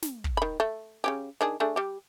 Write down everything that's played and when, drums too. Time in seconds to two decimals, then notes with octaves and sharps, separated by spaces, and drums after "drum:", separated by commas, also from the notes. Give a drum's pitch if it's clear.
0.02 drum: snare
0.24 drum: kick
0.37 D#3 B5
0.60 A3
1.04 C#3 C#4 G4
1.41 D#3 D4 G#4
1.60 A3 D4 G#4
1.76 G3 G4